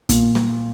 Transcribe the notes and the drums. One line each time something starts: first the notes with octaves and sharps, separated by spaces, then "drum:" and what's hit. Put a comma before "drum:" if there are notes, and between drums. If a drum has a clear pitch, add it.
A#2, drum: kick, hi-hat
drum: snare